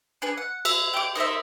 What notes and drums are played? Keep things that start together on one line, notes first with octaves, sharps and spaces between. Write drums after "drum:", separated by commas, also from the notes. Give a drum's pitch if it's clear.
D4 G#4 B4
F#5
E5, drum: cymbal
G5 D6
D#4 A#4 C5 E5